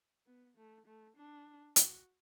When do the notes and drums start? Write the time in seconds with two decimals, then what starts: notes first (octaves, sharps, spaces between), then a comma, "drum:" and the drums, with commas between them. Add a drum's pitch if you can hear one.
0.26 B3
0.57 A3
0.86 A3
1.16 D4
1.76 F#4, drum: hi-hat